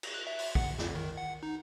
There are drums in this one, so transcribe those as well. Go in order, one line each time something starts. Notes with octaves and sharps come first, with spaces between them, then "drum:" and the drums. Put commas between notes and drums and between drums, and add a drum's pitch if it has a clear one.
drum: cymbal
F#6
E5
drum: open hi-hat
F#5, drum: kick
F2, drum: snare
D#3
F#5
D#4